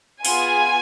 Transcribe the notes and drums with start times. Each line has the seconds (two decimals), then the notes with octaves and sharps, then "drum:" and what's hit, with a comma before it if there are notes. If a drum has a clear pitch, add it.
0.25 B3 F4 G#4 G#5, drum: open hi-hat